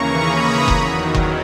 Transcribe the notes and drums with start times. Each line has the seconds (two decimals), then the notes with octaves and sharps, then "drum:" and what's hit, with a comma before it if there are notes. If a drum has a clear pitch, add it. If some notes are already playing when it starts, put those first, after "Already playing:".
Already playing: D#2 C#3 E3 A#3 C#4 A#5 C#6
0.15 B5 D#6
0.68 E2 D#3 F#3, drum: kick F#1
1.14 drum: kick F#1